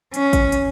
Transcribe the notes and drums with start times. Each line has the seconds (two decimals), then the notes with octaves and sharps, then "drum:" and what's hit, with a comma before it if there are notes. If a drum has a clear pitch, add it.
0.14 C#4, drum: hi-hat
0.33 drum: kick A1, hi-hat
0.52 drum: hi-hat